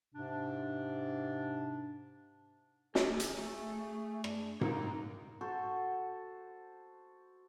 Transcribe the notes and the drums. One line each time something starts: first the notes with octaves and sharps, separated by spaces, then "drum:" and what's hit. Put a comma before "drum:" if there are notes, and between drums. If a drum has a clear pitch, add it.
G#2 C3 D4
G4 G#4 E5, drum: snare
drum: hi-hat
A3
D4, drum: rim click
A#3 D#4 A#4, drum: tom G#2
F#4 A4 C5 C#6